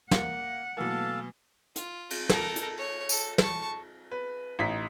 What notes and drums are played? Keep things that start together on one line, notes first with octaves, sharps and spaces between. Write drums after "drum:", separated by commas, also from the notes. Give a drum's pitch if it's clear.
A#3 F#5, drum: snare
B2 E3 F#3 A3 A#3 A4 F5 A5
F4, drum: hi-hat
drum: cymbal
A4 A#4, drum: snare
drum: hi-hat
C#5
A4, drum: tambourine
A5 C#6, drum: snare
B4
A1 D#4 B6